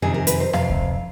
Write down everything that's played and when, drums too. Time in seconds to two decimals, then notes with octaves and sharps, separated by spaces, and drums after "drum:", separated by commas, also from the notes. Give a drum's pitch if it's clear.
0.02 F2 C3 D#3 G#4
0.14 A#4
0.27 B4, drum: hi-hat
0.40 C5
0.53 F2 C3 F5, drum: rim click
0.69 drum: kick C#2